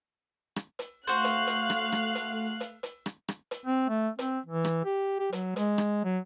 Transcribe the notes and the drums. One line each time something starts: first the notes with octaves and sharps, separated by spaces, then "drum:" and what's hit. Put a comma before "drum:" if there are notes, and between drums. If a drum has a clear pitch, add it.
drum: rim click
drum: hi-hat
A3 F#4 C5 F5 F#6
drum: hi-hat
drum: hi-hat
drum: rim click
drum: rim click
drum: hi-hat
drum: hi-hat
drum: hi-hat
drum: rim click
drum: rim click
drum: hi-hat
C4
A3
C4, drum: hi-hat
E3
drum: rim click
G4
G4
F#3, drum: hi-hat
G#3, drum: hi-hat
drum: rim click
F#3